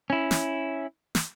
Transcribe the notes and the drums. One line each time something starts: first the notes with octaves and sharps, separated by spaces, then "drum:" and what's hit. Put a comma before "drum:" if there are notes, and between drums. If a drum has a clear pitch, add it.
C#4 E4
drum: snare
drum: snare